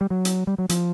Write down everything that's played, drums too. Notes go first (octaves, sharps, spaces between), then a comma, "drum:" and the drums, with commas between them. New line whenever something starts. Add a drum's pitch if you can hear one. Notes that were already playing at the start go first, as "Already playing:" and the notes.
G3
F#3
drum: hi-hat
G3
F#3
F3, drum: hi-hat